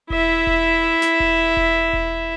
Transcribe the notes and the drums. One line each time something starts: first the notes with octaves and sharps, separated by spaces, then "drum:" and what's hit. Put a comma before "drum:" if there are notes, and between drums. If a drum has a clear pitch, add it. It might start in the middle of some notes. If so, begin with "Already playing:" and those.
E4 E5, drum: kick E1
drum: kick E1
drum: snare
drum: kick E1
drum: kick E1
drum: kick E1